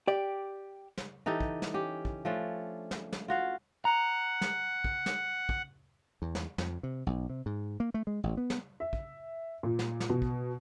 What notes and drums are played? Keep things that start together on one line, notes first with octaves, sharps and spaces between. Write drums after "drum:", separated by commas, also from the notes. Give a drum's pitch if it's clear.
G4 D5
drum: snare
E3 D#4 G4 A4
drum: kick
drum: snare
C#4 G4
drum: kick
F3 A3 C#4 D4
drum: snare
drum: snare
F4 F#4 F5
F#5 A#5
drum: snare
drum: kick
drum: snare
drum: kick
E2
drum: snare
F2, drum: snare
C3
B1
C3
G#2
A#3
A3
G#3
A1
B3
drum: snare
E5
drum: kick
A#2
drum: snare
drum: snare
B2
drum: kick